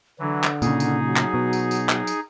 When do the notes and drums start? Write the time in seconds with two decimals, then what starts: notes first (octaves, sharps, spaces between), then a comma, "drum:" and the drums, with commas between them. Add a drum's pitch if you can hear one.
0.19 D3 E3 F#3
0.44 drum: clap
0.62 A#2 C#3 D#4 G#4, drum: tambourine
0.80 drum: tambourine
1.05 F#3
1.16 drum: clap
1.34 B2
1.53 drum: tambourine
1.71 drum: tambourine
1.89 drum: clap
2.07 drum: tambourine